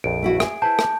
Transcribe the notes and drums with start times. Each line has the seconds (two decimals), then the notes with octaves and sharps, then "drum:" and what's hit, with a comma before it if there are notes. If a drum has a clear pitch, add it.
0.04 A#1 F2 D7
0.22 A3 E4 F#4
0.40 G#4, drum: rim click
0.62 E4 B4 C5 A5 G6
0.79 drum: rim click